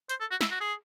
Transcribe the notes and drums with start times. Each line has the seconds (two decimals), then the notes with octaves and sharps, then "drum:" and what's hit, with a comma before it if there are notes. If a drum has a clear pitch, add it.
0.09 C5, drum: hi-hat
0.20 A4
0.31 F#4
0.41 E4, drum: snare
0.51 F#4
0.60 G#4